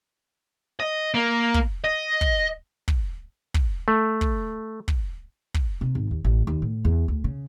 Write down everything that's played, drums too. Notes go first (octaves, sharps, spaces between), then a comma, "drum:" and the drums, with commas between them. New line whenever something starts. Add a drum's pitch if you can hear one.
D#5
A#3
drum: kick
D#5
drum: kick
drum: kick
drum: kick
A3
drum: kick
drum: kick
drum: kick
C3
G#1
D#2
A1
D#2
A2
E2
D2
C#3